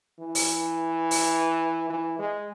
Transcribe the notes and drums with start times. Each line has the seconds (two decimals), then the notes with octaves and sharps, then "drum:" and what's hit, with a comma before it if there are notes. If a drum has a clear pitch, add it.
0.20 E3
0.35 drum: open hi-hat
1.11 drum: open hi-hat
1.90 E3
2.19 G#3